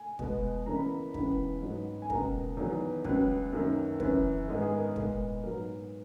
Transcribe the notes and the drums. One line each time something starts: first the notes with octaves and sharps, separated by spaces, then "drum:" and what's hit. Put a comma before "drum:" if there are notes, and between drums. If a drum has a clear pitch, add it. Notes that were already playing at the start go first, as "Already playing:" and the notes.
Already playing: G#5
B2 G#3 B3, drum: kick
E2 C#3 E3 A#3 A#5
B5
A#5
C#2 C#3 E3 B3 B5, drum: kick
G#2 F#3 B3
G#5
C#2 B2 A#3 A#5, drum: kick
E2 D#3 F#3 B3
C#2 C#3 F#3 B4, drum: kick
F#2 D#3 A#3
F#2 C#3 E3 B4, drum: kick
G#2 D#3 G#3 B3 A#4
G#4
A#4
A#2 G#3 B3, drum: kick
G#2 F#3 B3 A#4